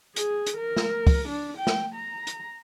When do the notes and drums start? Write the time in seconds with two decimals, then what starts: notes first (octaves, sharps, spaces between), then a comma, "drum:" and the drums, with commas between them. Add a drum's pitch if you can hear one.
0.16 G#4, drum: hi-hat
0.46 drum: hi-hat
0.57 A#4
0.77 drum: snare
1.07 drum: kick, open hi-hat
1.28 D4
1.58 G5
1.67 drum: snare
1.94 A#5
2.27 drum: hi-hat